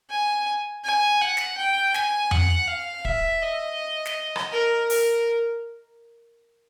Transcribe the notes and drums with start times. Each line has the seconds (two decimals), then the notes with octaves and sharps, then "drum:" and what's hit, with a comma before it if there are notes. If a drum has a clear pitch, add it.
0.10 G#5
0.84 G#5
1.21 F#5
1.37 drum: snare
1.57 G5
1.94 G#5, drum: snare
2.31 F#5, drum: tom F2
2.68 F5
3.05 E5, drum: kick
3.42 D#5
4.05 drum: snare
4.36 drum: rim click
4.52 A#4
4.90 A#4, drum: open hi-hat